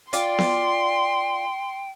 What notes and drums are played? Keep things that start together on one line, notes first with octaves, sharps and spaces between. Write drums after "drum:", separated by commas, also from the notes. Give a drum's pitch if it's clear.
F4 D5 G5 C6, drum: hi-hat
drum: snare B3